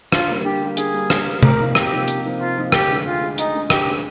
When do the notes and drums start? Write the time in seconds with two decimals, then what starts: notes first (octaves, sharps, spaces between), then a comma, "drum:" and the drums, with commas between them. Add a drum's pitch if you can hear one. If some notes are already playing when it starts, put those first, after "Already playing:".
0.12 D3 F4, drum: rim click
0.29 G3 A#3
0.45 D3 G4
0.62 G3 A#3
0.77 D3 G#4, drum: hi-hat
0.94 G3 A#3
1.10 D3, drum: rim click
1.27 G3 A#3
1.43 C3 A#4, drum: tom C3
1.59 F3 A#3 D#4
1.75 C3 G4, drum: rim click
1.92 F3 A#3 D#4
2.08 C3, drum: hi-hat
2.24 F3 A#3 D#4
2.40 C3 F4
2.57 F3 A#3 D#4
2.72 D2 G4, drum: rim click
2.89 D3 G#3
3.06 D2 F4
3.21 D3 G#3
3.38 D2 D#4, drum: hi-hat
3.55 D3 G#3
3.70 D2 G4, drum: rim click
3.87 D3 G#3